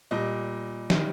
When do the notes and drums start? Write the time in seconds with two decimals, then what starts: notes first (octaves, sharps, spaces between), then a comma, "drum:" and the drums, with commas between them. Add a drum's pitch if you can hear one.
0.11 A#2 G3 D#5
0.90 D#3 G3, drum: snare